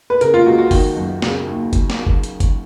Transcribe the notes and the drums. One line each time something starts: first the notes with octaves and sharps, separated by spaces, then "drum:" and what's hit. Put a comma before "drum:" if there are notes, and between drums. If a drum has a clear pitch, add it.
B4
C#3 A#4, drum: hi-hat
F4
C#2 F#4
F#4
D#3, drum: kick, open hi-hat
F#2
C#3, drum: snare
D#2
drum: kick, hi-hat
drum: snare
drum: kick
drum: hi-hat
drum: kick, hi-hat